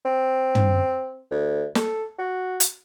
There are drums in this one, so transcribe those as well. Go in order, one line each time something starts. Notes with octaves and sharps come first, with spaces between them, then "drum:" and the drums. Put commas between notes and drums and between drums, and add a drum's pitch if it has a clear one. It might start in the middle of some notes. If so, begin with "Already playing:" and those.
C4
drum: tom
D2
A4, drum: snare
F#4
drum: hi-hat